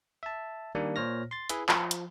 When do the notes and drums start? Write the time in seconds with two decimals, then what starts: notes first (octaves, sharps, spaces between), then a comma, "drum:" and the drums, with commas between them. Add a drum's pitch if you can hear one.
0.23 E5 A5
0.75 D#3 G3 A#3 D4
0.96 A#2 C5 C#5 F6 A#6
1.31 C6 A6
1.49 E4 G#4 B4 E5, drum: hi-hat
1.69 F3, drum: clap
1.91 drum: hi-hat